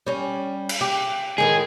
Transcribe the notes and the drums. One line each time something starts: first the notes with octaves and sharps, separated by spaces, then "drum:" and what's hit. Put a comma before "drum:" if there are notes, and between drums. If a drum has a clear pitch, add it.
G3 C#4
drum: cymbal
G4
A2 D#3 G#3 G#4